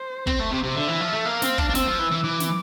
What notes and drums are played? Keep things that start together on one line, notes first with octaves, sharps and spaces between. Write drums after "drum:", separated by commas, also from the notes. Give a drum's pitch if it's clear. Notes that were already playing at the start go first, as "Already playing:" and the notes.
Already playing: C5
C4, drum: kick
A3
C3
C3
D3 E5
E3
F3
A3
A#3 F5
C4, drum: snare
D4, drum: kick
D4
C4 E6, drum: snare
F3
E3
E3
E3 D6
drum: snare